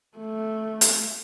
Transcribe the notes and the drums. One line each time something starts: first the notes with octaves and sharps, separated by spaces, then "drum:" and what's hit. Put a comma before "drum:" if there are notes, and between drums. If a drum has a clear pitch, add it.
A3
drum: hi-hat